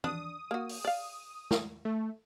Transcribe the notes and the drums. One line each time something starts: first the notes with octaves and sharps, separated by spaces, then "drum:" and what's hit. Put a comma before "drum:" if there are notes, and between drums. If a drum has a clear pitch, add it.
D4 D#6, drum: tom
A#3 F#4
drum: open hi-hat
D5 F5
drum: snare
A3